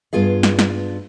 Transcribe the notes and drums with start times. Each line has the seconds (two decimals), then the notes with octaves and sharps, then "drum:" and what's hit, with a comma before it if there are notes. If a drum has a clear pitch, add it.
0.13 G2 B3 F4 G#4 F5
0.43 drum: snare
0.59 drum: snare